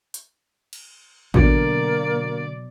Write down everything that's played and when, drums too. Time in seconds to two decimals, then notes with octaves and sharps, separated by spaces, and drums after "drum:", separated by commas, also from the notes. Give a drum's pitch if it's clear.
0.14 drum: hi-hat
0.73 drum: cymbal
1.34 B2 D3 F#3 A#3 D5, drum: kick A1